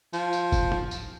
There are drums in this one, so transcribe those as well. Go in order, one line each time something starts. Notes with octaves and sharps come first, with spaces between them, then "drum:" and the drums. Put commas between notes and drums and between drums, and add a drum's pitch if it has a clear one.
F3, drum: tambourine
drum: tambourine
drum: kick, tambourine
drum: tom
drum: tambourine